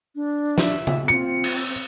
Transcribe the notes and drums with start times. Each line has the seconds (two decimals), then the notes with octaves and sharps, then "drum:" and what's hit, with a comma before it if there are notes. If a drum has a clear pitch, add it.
0.15 D4
0.58 E5, drum: snare
0.87 drum: tom C#3
1.08 C4 F4 C#7
1.44 drum: cymbal